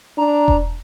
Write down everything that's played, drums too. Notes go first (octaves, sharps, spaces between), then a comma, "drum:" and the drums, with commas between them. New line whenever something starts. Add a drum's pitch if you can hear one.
D4 A#5
drum: kick E1